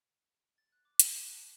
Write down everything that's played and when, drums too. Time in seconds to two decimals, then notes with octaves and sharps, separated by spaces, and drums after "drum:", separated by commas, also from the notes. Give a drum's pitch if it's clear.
0.58 A6
0.72 F#6
0.85 D6
1.00 A5, drum: hi-hat
1.12 D6
1.26 F#6
1.43 A6